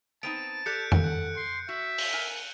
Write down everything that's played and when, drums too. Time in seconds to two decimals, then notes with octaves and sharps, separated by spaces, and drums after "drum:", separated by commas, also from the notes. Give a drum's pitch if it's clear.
0.23 B3 C4 D#4 A5 D7
0.66 G4 A4 D5 F#6 G6 C#7
0.92 drum: tom F2
1.03 F#5
1.37 C6
1.69 F#4 E5
1.98 drum: open hi-hat
2.13 A#4 G#5